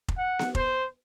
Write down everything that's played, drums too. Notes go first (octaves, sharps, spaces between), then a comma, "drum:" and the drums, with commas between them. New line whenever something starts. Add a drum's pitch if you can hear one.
drum: kick F1
F#5
drum: snare B3
C5, drum: kick F1